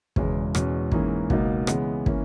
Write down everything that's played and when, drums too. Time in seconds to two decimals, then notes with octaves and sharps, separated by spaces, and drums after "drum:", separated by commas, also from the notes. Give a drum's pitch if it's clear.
0.16 E1 E2 C#3 E3 G#3, drum: kick
0.55 E2 B2 G#3 C#4, drum: rim click
0.92 G#2 E3 A#3 C#4 G#4, drum: kick
1.30 C#2 B2 A#3 D#4, drum: kick
1.67 C#3 E3 G#3 B3, drum: rim click
2.06 E3 A#3 C#4, drum: kick